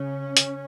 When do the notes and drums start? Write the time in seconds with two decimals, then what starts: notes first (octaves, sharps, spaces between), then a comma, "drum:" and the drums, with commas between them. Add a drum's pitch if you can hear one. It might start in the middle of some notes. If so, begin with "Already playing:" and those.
Already playing: C#3 C#4
0.37 C#3, drum: hi-hat